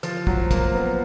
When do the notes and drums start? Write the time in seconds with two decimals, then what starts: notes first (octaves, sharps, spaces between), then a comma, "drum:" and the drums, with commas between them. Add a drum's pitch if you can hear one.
0.03 F3, drum: hi-hat
0.27 F#3, drum: kick
0.51 A#3, drum: kick, hi-hat
0.74 B3